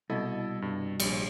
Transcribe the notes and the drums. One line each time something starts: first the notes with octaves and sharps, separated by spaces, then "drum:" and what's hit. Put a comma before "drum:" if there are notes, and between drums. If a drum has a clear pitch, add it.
C2 B2 E4 A4 D#5
G2
A#1 G3, drum: cymbal